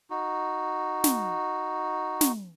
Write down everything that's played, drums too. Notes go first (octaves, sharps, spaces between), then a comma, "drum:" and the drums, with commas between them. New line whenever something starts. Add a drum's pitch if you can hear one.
D#4 F#4
drum: snare
drum: snare